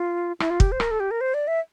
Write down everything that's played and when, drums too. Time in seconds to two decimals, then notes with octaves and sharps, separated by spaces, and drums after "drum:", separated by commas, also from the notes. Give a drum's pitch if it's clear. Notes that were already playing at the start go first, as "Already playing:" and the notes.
Already playing: F4
0.40 E4, drum: rim click
0.50 F4
0.60 G4, drum: kick
0.72 C5
0.80 A#4, drum: rim click
0.91 A4
1.00 G4
1.11 A#4
1.21 C5
1.34 D5
1.48 E5